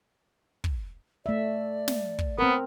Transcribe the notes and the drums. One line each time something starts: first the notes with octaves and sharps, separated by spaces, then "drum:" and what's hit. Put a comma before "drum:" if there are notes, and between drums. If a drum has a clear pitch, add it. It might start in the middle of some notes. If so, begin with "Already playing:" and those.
drum: kick
A3 D5 E5
drum: snare
drum: kick
B3 C4 A#4